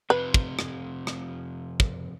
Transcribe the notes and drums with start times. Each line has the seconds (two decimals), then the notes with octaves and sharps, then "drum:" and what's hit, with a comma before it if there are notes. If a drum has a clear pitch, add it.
0.10 F2 C3 B4
0.34 drum: kick
0.59 drum: rim click
1.07 drum: rim click
1.80 drum: kick